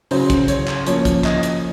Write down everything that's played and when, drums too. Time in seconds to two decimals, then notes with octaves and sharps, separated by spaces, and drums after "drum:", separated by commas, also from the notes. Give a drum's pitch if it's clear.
0.11 C#3 F#3 C#4 C5, drum: open hi-hat
0.30 drum: kick, hi-hat
0.48 C#5, drum: hi-hat
0.68 drum: clap
0.87 F3 A#3 C#4 C#5, drum: hi-hat
1.05 drum: kick, hi-hat
1.24 D#5, drum: clap
1.43 drum: hi-hat